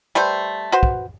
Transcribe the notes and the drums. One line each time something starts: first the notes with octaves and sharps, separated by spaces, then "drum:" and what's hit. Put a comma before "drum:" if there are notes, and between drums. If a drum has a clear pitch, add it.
G3 A3 B4 C5
F#4 B4 C5
drum: kick